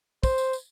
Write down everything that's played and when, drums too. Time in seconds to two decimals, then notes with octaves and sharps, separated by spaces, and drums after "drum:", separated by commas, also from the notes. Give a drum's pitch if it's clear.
0.23 C5, drum: kick, tambourine
0.38 drum: tambourine
0.53 drum: tambourine